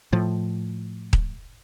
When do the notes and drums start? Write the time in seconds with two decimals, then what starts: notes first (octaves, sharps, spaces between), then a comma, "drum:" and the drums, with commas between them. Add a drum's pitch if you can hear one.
0.13 A2 F3
1.13 drum: kick D#1